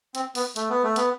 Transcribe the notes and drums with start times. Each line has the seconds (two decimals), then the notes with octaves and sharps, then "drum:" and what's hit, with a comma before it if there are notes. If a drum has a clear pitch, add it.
0.15 C4, drum: hi-hat
0.35 B3, drum: open hi-hat
0.56 A3, drum: hi-hat
0.69 B3
0.83 A3
0.96 B3, drum: hi-hat